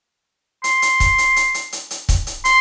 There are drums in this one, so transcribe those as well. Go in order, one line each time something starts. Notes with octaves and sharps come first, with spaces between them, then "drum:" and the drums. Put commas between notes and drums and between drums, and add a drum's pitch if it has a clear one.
C6, drum: hi-hat
drum: hi-hat
drum: kick C#1, hi-hat
drum: hi-hat
drum: hi-hat
drum: hi-hat
drum: hi-hat
drum: hi-hat
drum: kick C#1, hi-hat
drum: hi-hat
C6, drum: hi-hat